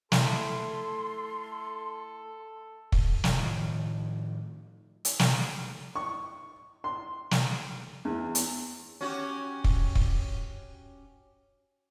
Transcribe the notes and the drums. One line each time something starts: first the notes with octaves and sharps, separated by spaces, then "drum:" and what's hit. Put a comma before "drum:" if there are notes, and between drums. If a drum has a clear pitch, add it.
A3 E4 A4 C6, drum: snare
drum: kick
drum: snare
A2 D#3 F3
drum: hi-hat
drum: snare
C#6
C6
drum: snare
E2
drum: hi-hat
C#4 F#4 G4
drum: kick
drum: kick